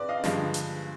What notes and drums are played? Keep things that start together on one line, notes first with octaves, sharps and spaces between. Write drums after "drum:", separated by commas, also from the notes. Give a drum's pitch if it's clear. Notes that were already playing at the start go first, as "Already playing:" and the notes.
Already playing: G2 B4 D5
D#5 F5
G2 D3 F3 G#3, drum: snare
drum: hi-hat